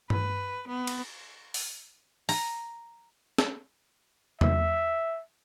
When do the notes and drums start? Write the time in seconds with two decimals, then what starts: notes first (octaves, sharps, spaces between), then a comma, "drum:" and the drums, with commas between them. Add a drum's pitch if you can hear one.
0.10 B4, drum: tom G2
0.68 B3
0.87 drum: cymbal
1.54 drum: open hi-hat
2.29 A#5, drum: open hi-hat
3.38 drum: snare
4.41 E5, drum: tom E2